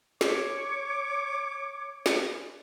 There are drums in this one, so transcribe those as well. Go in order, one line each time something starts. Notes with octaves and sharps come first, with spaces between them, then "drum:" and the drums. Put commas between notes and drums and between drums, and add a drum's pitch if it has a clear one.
C#5 D6, drum: snare
drum: snare